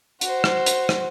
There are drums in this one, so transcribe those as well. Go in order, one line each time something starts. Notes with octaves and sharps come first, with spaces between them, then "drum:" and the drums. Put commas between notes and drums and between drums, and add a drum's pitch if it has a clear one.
F#4 C5, drum: hi-hat
drum: rim click
drum: hi-hat
drum: rim click